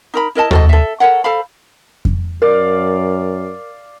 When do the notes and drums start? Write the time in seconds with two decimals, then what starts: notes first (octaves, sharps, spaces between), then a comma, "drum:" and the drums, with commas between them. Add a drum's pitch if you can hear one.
0.14 D#4 A#4 B5
0.35 E4 A#4 D#5 A5
0.51 F#4 A4 D#5, drum: tom D#2
0.69 A4 E5
1.00 A4 A#4 C#5 F#5
1.24 A4 C5 F5 B5
2.05 drum: kick F2
2.42 F#2 A#4 D5 F5